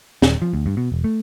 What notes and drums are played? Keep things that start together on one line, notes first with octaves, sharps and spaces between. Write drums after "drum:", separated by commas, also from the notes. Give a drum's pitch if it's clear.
D#1, drum: snare
F3
D2
G2
B2
E1
A3